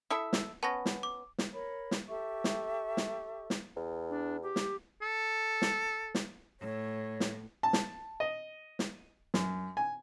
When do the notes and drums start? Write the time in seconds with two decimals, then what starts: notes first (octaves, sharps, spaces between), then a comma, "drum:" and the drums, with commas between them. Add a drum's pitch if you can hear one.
0.10 E4 A4 E5 D#6
0.33 drum: snare
0.63 B3 C#4 A5 C#6 A#6
0.86 drum: snare
1.03 D6
1.38 drum: snare
1.53 A#4 C#5 B5
1.91 drum: snare
2.09 G4 A4 E5 C#6
2.44 drum: snare
2.97 drum: snare
3.50 drum: snare
3.77 E2
4.10 D4
4.43 G4
4.56 drum: snare
5.02 A4
5.62 drum: snare
6.15 drum: snare
6.60 A2 C#5
7.20 drum: snare
7.63 A5
7.73 drum: snare
8.20 D#5
8.79 drum: snare
9.34 F#2, drum: snare
9.77 G#5